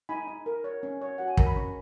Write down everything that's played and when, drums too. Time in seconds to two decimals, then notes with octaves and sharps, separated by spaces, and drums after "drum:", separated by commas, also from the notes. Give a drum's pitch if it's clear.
0.09 D#4 G#5 B5
0.28 D#4
0.46 A#4
0.64 C#5
0.83 C#4
1.01 C#5
1.18 F#4 F#5
1.28 G#5
1.37 A#4 A#5, drum: kick
1.47 B5
1.56 C#4 A#5 C#6